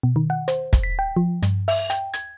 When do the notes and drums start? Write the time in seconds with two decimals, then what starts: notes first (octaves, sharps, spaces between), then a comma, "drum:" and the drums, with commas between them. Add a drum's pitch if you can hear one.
0.03 B2
0.16 D#3
0.30 F#5
0.48 C5, drum: hi-hat
0.73 drum: kick, hi-hat
0.83 B6
0.99 G5
1.17 F3
1.43 G2, drum: hi-hat
1.68 E5, drum: open hi-hat
1.90 G5, drum: hi-hat
2.14 G#6, drum: hi-hat